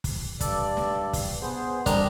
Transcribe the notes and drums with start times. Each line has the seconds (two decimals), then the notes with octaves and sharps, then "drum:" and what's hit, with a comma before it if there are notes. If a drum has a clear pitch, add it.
0.04 drum: kick, open hi-hat
0.41 G2 A4 D5, drum: kick, hi-hat
0.77 drum: snare
1.13 drum: kick, open hi-hat
1.42 B3 G#4 C5
1.86 G3 C4 D4 A#4 D#5, drum: kick, hi-hat